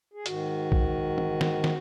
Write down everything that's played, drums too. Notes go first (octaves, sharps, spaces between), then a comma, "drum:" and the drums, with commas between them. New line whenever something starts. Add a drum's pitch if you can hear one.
G#4
G#2 D#3 F#4, drum: hi-hat
drum: kick A#1
drum: tom E3
drum: snare
drum: snare